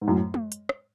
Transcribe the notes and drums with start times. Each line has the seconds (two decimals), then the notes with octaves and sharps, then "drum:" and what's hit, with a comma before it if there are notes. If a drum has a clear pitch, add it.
0.01 G#2
0.08 F#2 A2
0.34 drum: tom G#3
0.52 drum: hi-hat
0.69 drum: rim click